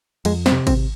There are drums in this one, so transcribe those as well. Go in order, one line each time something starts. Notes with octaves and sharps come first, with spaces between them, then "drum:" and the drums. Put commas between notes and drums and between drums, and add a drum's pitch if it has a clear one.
F2 G#3, drum: cymbal
C4, drum: snare
C3
C4, drum: kick G#1, cymbal